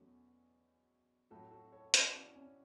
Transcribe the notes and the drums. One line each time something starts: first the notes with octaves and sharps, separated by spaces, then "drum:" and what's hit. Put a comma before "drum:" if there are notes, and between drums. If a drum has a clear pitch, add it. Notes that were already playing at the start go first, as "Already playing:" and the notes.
Already playing: E2 B2 F#3 A3 C#4
A2 F#3 A3 F#4 A4
F#4 A4
A4 C#5
D4 F#4, drum: hi-hat
C#4 E4
C#4